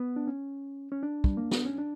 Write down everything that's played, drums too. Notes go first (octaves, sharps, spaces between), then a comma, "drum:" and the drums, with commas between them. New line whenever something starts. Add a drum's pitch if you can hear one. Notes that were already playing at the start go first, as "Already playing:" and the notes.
Already playing: B3
D4
C#4
C#4
D4
G3, drum: kick
A#3
B3, drum: snare
C#4
D4